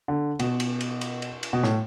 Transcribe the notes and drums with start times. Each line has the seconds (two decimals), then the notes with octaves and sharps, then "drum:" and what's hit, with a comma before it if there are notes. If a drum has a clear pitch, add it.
0.08 D3
0.39 B2, drum: cymbal
0.60 drum: cymbal
0.80 drum: cymbal
1.01 drum: cymbal
1.22 drum: cymbal
1.43 drum: cymbal
1.53 B2
1.63 A2, drum: snare